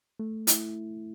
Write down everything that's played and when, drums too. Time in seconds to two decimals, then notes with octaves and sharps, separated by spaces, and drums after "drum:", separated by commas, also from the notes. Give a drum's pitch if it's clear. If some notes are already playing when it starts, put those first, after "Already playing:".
0.20 A3
0.47 E4, drum: hi-hat